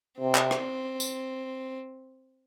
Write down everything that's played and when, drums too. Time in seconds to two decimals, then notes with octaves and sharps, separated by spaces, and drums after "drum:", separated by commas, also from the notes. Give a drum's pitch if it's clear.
0.19 C3 C4
0.35 drum: clap
0.51 drum: rim click
1.00 drum: tambourine